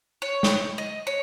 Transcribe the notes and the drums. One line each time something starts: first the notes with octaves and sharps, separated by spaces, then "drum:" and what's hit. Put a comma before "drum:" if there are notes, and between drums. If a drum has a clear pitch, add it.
C#5
drum: snare
D#5
C#5